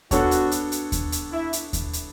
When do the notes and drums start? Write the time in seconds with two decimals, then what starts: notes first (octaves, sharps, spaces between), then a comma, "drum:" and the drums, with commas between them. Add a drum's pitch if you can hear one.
0.11 B3 D4 F#4 A4 C#5, drum: kick D#2, hi-hat
0.31 drum: hi-hat
0.51 drum: hi-hat
0.72 drum: hi-hat
0.92 drum: kick D#2, hi-hat
1.12 drum: hi-hat
1.32 E4
1.53 drum: hi-hat
1.73 drum: kick D#2, hi-hat
1.93 drum: hi-hat